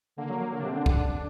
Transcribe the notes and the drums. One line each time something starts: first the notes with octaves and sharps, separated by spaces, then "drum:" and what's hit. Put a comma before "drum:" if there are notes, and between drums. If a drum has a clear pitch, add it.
D3 A#3
F#3
F#3
D3 A#3
C3 D4
C4
D3 D4
D4, drum: kick C2